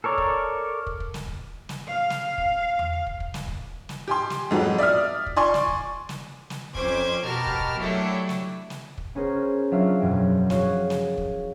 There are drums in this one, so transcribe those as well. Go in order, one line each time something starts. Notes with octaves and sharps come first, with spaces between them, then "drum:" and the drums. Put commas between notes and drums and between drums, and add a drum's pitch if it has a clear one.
A4 A#4 C#5 D5
drum: kick
drum: kick
drum: kick
drum: snare
drum: kick
drum: snare
F5
drum: snare
drum: kick
drum: tom E2
drum: kick
drum: kick
drum: snare
drum: kick
drum: snare
G4 G#5 C6
drum: snare
F2 G#2 F#3 B3
D5 E5 D#6 F6
drum: kick
D5 G#5 C6 C#6
drum: snare
drum: kick
drum: snare
drum: snare
F2 C#4 C5 D6 G#6, drum: kick
B2 G4 A#4 A5 F6
drum: kick
drum: kick
F#3 A3 D4 E4 G4 C#5
drum: snare
drum: snare
drum: kick
B3 C#4 G#4 A#4 C5
F#3 D4 F4 A#4 E5 F5
E1 F#2 F3 G5
F#4 G#4 C#5 F5, drum: snare
drum: snare
drum: kick